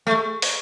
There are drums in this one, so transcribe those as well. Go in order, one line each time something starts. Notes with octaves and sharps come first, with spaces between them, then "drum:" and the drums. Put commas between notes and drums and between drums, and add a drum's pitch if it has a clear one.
A3
drum: open hi-hat